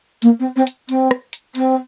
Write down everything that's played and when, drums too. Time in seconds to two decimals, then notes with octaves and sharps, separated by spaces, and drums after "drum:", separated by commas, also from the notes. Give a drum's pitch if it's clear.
0.22 A#3, drum: hi-hat
0.39 C4
0.56 C4
0.67 drum: hi-hat
0.89 C4, drum: hi-hat
1.11 drum: rim click
1.33 drum: hi-hat
1.55 C4, drum: hi-hat